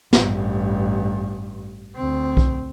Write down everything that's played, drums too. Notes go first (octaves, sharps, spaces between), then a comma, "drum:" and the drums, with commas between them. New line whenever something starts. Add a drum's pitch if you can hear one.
A1 G2, drum: snare
D2 C4
drum: kick B1